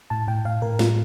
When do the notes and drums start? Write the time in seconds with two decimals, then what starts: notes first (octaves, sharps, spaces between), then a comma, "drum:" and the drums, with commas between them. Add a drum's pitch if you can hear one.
0.10 A2 A5
0.28 A2 G5
0.45 A2 F5
0.62 A2 A#4
0.79 A2 F4, drum: snare